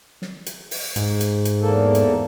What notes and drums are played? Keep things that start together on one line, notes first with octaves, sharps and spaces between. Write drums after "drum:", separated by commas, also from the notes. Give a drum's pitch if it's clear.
drum: snare
drum: hi-hat
drum: open hi-hat
G#2, drum: hi-hat
drum: hi-hat
drum: hi-hat
E2 A#3 A4
drum: hi-hat